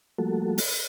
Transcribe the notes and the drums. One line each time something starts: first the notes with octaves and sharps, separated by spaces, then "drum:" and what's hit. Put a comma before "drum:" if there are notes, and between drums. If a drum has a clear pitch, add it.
F3 G3 A3 A#3 F#4 A4
drum: open hi-hat